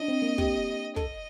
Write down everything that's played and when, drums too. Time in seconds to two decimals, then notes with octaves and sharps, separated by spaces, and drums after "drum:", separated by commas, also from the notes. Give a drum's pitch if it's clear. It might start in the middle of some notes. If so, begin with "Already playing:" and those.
Already playing: D4 D#5
0.08 C4
0.22 A#3
0.38 G4, drum: kick
0.96 A4 D#5, drum: kick